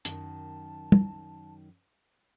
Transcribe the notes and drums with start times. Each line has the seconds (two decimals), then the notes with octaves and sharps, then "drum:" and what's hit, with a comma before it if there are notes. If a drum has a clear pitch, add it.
0.05 F#2 D#3 A5, drum: hi-hat
0.92 drum: tom